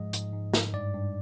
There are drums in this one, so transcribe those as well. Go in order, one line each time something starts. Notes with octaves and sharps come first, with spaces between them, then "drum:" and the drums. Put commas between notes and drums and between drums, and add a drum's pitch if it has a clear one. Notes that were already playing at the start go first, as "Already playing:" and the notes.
Already playing: G#2 F3 G#3 D#5
G#2, drum: hi-hat
G#2
G#2, drum: snare
G2 D5
G2